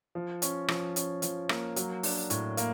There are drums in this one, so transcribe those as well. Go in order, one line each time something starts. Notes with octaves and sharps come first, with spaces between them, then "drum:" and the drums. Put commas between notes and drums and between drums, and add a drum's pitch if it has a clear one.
F3
C#4, drum: hi-hat
F3, drum: rim click
C#4, drum: hi-hat
F3, drum: hi-hat
A#3, drum: rim click
F#3, drum: hi-hat
D4, drum: open hi-hat
A2, drum: hi-hat
A#3, drum: hi-hat